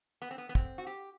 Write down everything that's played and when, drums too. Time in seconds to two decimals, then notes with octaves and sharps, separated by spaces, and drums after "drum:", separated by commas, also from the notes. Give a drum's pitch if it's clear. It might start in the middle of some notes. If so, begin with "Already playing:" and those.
0.22 B3
0.31 C4
0.38 B3
0.49 B3
0.55 C4, drum: kick
0.78 F#4
0.87 G4